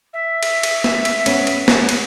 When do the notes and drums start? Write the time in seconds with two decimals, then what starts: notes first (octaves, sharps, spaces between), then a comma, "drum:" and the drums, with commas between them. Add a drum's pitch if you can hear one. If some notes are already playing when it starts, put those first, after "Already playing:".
0.13 E5
0.43 drum: cymbal
0.63 drum: cymbal
0.84 drum: snare
1.05 drum: cymbal
1.26 B3 C#4, drum: cymbal
1.47 drum: cymbal
1.68 drum: snare
1.89 drum: cymbal